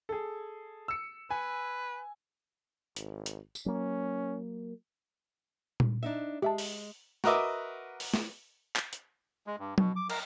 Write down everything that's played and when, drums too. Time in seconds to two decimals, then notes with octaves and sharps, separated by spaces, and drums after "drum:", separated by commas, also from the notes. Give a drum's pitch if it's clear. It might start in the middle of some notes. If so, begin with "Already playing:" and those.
0.09 G#4 A4
0.88 E6 C#7
1.30 B4 G#5
2.96 G#1, drum: hi-hat
3.26 drum: hi-hat
3.55 drum: tambourine
3.66 F#3 A#3 C#4
5.80 drum: tom A#2
6.03 D4 D#4 E5
6.42 G#3 G4 E5 A5
6.58 drum: open hi-hat
7.24 F#4 A#4 B4 D#5 E5 D6, drum: snare
8.00 drum: open hi-hat
8.14 drum: snare
8.76 drum: clap
8.93 drum: hi-hat
9.47 G#3
9.59 G2
9.78 B2, drum: tom F#3
9.96 D6
10.10 A#4, drum: cymbal